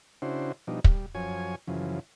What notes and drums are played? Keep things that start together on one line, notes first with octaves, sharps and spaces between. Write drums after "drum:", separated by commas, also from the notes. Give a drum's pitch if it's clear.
C#3 D4 E4 F#4 C5
B2 F3 G3 D4 D#4
G3, drum: kick
F#2 F3 C#5 G#5
F#2 C#3 E3 F3